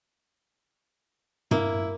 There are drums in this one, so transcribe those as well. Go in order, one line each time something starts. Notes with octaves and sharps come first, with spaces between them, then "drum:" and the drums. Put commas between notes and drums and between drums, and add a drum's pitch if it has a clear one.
A#3 E4, drum: tom G2